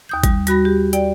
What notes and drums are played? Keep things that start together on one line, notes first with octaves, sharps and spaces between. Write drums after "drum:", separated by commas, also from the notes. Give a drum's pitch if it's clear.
D#2 D#6 G6
G3, drum: kick G#1, hi-hat
G3 F#4 B5 A#6, drum: hi-hat
G4
D5 G5, drum: hi-hat